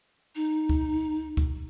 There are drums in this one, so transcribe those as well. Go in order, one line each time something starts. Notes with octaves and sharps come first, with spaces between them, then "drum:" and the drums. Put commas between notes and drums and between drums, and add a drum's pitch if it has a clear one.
D#4
drum: kick D2
drum: kick D2